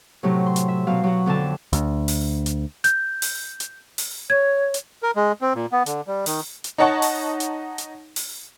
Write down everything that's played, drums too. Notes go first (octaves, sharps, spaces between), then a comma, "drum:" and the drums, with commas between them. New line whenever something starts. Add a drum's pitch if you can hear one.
A2 C3 F#3
C6
drum: hi-hat
E5
B2 F#3 F5
F#3 F#4
F2 D3 C4 A5
D2, drum: hi-hat
drum: open hi-hat
drum: hi-hat
G6, drum: hi-hat
drum: open hi-hat
drum: hi-hat
drum: open hi-hat
C#5 G#6
drum: hi-hat
A#4
G#3
C4
A#2
B3
D3, drum: hi-hat
G3
D#3, drum: open hi-hat
drum: hi-hat
D#4 C#5 D#5 F#5 A5 C#6
drum: open hi-hat
drum: hi-hat
drum: hi-hat
drum: open hi-hat